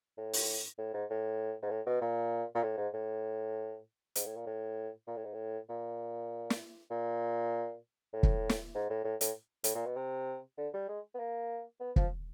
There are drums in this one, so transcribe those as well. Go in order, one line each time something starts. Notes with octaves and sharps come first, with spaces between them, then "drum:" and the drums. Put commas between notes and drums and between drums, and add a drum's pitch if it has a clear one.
A2
drum: open hi-hat
A2
G#2
A2
G#2
A2
B2
A#2
A#2
A2
G#2
A2
G#2, drum: hi-hat
A2
A#2
A2
A#2
A2
G#2
A2
A#2
drum: snare
A#2
A2
drum: kick
drum: snare
G#2
A2
A2
A2, drum: hi-hat
A2, drum: hi-hat
A#2
B2
C3
D3
G3
G#3
B3
A#3
B3
F3, drum: kick